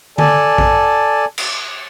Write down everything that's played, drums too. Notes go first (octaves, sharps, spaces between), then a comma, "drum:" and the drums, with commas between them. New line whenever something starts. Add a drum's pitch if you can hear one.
A4 D5 G#5 A5, drum: tom D3
drum: kick A1
drum: cymbal